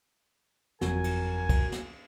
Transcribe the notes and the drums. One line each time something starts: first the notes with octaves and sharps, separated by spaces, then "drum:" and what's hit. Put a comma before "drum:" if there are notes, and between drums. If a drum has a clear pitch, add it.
G1 F2 F#3 F#4 A#4 G#5, drum: snare
drum: cymbal
drum: kick, cymbal
drum: snare